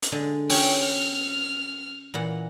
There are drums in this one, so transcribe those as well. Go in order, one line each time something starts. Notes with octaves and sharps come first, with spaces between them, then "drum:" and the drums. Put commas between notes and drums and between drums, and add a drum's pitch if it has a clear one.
drum: hi-hat
D3 G#3
C#4 G4 G5, drum: open hi-hat
F6
A#2 E3 F#5